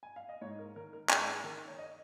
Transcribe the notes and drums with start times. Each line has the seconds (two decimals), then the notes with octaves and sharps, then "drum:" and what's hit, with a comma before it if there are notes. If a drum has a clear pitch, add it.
0.03 G#5
0.16 F5
0.29 D#5
0.41 G#2 C#5
0.59 A#4
0.76 D#3 A#4
0.93 A#4
1.10 G#2 G#4, drum: clap
1.44 D#3 A#4
1.68 C#5
1.78 D#5